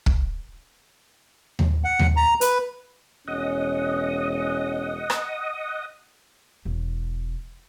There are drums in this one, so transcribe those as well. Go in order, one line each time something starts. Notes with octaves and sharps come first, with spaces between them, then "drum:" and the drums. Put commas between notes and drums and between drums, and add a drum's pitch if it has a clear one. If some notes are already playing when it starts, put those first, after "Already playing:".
drum: kick
drum: tom D#2
F#5
drum: tom D#2
A#5
B4, drum: hi-hat
E1 C#4 D#5 F#5 D#6
drum: rim click
E1